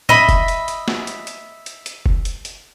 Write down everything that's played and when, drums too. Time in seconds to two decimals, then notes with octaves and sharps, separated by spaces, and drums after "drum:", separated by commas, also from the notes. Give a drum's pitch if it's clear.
0.09 D#5 E5 B5, drum: tom A2
0.29 drum: kick F1, hi-hat
0.48 drum: hi-hat
0.68 drum: hi-hat
0.88 drum: snare
1.07 drum: hi-hat
1.27 drum: hi-hat
1.66 drum: hi-hat
1.86 drum: hi-hat
2.06 drum: kick F1
2.25 drum: hi-hat
2.45 drum: hi-hat